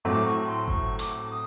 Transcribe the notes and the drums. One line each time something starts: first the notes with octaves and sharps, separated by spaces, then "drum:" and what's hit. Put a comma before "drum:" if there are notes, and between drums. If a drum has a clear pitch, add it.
A2 F#3 A3 C4 D6
C#6
C6
C#6, drum: kick G1
D6, drum: hi-hat
D#6